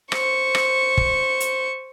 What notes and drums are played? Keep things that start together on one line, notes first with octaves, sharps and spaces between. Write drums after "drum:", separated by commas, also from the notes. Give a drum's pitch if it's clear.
C5 C#6, drum: rim click
drum: rim click
drum: kick
drum: hi-hat